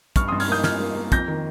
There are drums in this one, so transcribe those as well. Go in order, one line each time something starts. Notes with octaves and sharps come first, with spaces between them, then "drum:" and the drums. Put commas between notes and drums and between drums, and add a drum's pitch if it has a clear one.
G2 C#6 F6, drum: kick, hi-hat
C6 D#6
G2
F6 G#6, drum: open hi-hat
A#3 D#6 G6
F3 F6 G#6, drum: snare
A#3
A#3
F2 G6 A#6, drum: kick, hi-hat
D#3